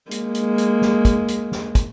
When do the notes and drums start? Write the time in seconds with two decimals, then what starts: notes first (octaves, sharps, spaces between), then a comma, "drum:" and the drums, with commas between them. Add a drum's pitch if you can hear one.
0.11 G#3 A#3, drum: hi-hat
0.35 drum: hi-hat
0.58 drum: hi-hat
0.82 drum: snare
1.05 drum: kick, hi-hat
1.28 drum: hi-hat
1.52 drum: snare
1.75 drum: kick, hi-hat